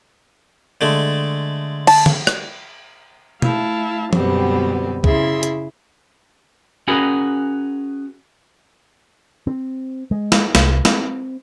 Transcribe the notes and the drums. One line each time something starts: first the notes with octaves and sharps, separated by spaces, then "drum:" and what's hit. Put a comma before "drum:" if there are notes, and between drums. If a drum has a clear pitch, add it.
D3 G#3 A3
A5, drum: cymbal
drum: tom
drum: rim click
A3 E4 F5 A5, drum: tom
F#2 B2 D3 G3 B3 C4, drum: tom
C#3 E4 G#4 E5 C6, drum: kick
drum: hi-hat
C#4 F#4 G#4 A#4 B4
C4
G#3
drum: snare
C2, drum: snare
C4, drum: snare